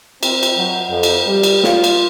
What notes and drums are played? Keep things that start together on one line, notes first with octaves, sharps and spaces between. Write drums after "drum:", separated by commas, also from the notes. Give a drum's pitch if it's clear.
C4, drum: cymbal
drum: cymbal
F#3
F2
drum: cymbal
G3
drum: cymbal
F4, drum: snare
drum: cymbal